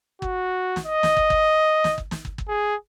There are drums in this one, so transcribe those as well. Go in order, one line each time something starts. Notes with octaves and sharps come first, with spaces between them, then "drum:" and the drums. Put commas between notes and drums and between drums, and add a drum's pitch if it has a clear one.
F#4, drum: kick
drum: snare
D#5
drum: snare
drum: kick
drum: kick
drum: snare
drum: kick
drum: snare
drum: kick
drum: kick
G#4